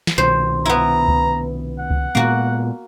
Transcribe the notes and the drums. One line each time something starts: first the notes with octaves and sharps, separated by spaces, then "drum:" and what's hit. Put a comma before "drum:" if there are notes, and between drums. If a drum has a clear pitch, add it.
drum: snare
C2 B2 D#3 C5
B3 E4 A#5
drum: kick C#2
F#5
drum: kick C#2
A#2 G#3 A#3 B3 F#4